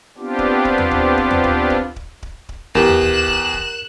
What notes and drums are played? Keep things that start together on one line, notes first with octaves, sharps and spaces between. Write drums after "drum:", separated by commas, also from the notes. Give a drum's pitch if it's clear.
B3 C4 D4 F4 G4
drum: kick D1
drum: kick D1
drum: tom
drum: kick D1
drum: kick D1
drum: tom
drum: kick D1
drum: kick D1
drum: kick D1
drum: kick D1
drum: kick D1
E2 G4 A#4 F#6 E7, drum: kick D1
drum: tom
drum: kick D1
drum: kick D1
drum: kick D1